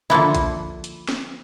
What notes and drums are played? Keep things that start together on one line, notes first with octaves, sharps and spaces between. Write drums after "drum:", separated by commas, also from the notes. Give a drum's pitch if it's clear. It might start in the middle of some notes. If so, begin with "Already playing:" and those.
D3 F3 A#3 E4
drum: kick A1, hi-hat
drum: hi-hat
drum: snare